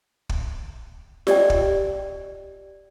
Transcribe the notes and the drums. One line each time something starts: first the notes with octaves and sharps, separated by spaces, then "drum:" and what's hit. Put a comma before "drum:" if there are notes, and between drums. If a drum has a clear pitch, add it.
drum: kick
G4 D5 D#5 G5, drum: snare F4
drum: kick